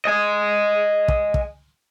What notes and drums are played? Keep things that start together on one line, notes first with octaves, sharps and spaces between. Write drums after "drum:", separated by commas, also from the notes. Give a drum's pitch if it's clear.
D#5 G#5
drum: kick
drum: kick